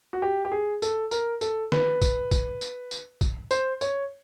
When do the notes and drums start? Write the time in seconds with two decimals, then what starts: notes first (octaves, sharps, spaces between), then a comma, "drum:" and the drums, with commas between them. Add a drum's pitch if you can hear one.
0.13 F#4
0.22 G4
0.45 G4
0.52 G#4
0.82 A4, drum: tambourine
1.11 A#4, drum: tambourine
1.41 A4, drum: tambourine
1.72 B4, drum: snare
2.02 drum: kick, tambourine
2.31 drum: kick, tambourine
2.61 drum: tambourine
2.91 drum: tambourine
3.21 drum: kick, tambourine
3.51 C5, drum: tambourine
3.81 C#5, drum: tambourine